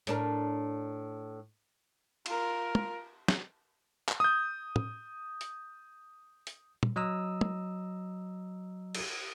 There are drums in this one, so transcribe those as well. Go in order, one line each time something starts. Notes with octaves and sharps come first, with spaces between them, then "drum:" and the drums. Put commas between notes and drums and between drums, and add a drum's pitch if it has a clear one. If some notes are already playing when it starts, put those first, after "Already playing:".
A2 D4 A#4, drum: hi-hat
F4 A#4, drum: cymbal
drum: tom
drum: snare
drum: clap
D#6 G6
drum: tom
drum: hi-hat
drum: hi-hat
drum: tom
F#3 D#5 A#5 D#6 E6
drum: tom
drum: cymbal